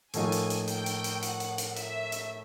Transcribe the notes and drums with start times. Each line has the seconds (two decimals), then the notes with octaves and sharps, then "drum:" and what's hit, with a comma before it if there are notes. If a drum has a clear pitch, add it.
0.13 A2 F3 A#3 D#4 G#5, drum: hi-hat
0.32 drum: hi-hat
0.50 drum: hi-hat
0.67 G5, drum: hi-hat
0.86 drum: hi-hat
1.04 drum: hi-hat
1.22 F#5, drum: hi-hat
1.40 drum: hi-hat
1.58 drum: hi-hat
1.76 E5, drum: hi-hat
2.12 drum: hi-hat